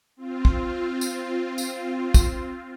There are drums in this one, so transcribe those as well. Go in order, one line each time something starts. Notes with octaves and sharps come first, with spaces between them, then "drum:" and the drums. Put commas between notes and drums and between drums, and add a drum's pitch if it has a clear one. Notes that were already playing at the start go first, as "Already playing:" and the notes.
C4 F4
drum: kick
drum: tambourine
drum: tambourine
drum: kick, tambourine